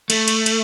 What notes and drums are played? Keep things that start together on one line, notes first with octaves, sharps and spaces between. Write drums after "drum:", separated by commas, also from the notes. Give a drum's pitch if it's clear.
A3, drum: cymbal
drum: cymbal
drum: cymbal